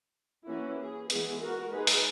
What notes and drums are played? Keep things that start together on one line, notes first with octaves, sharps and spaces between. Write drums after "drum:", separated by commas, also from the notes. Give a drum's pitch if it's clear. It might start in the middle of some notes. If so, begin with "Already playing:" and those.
E3 A#3 C#4 E4 F#4
G#4
E3 G#3 B3 G#4, drum: hi-hat
F#4 A#4
G#3 D#4 G#4 B4
drum: open hi-hat